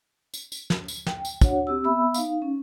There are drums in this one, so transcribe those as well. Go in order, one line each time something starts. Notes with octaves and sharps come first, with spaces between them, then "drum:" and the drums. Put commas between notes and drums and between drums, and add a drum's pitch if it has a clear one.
drum: tambourine
drum: tambourine
drum: snare
drum: tambourine
G5, drum: snare
drum: tambourine
D4 F#4 C#5 F#5, drum: kick, tambourine
C4 G4 E6
B3 E5 B5 E6
D#4 F5, drum: tambourine
C#4